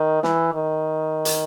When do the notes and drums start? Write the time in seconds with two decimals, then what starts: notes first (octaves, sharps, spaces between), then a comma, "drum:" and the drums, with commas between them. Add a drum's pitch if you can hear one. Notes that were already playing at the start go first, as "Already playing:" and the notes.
Already playing: D#3
0.23 E3, drum: snare
0.53 D#3
1.25 drum: hi-hat